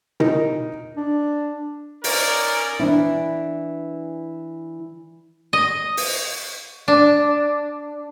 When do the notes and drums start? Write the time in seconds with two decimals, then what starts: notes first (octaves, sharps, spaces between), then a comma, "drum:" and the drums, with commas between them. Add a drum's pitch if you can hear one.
0.20 D#4 A#4, drum: tom
0.97 D4
2.04 C#4 D#4 A#4 D5, drum: open hi-hat
2.79 E3 D4 E4
5.53 D#5
5.97 drum: open hi-hat
6.88 D4